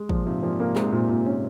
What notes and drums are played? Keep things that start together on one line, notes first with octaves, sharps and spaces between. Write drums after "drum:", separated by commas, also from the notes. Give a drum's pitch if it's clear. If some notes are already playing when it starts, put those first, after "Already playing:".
Already playing: G#3
A#2 F3, drum: kick
G#2 C3 F4
A#2 F3
A#2 A#3
G#2 C3 G#3, drum: clap
A#2
A#2
C#4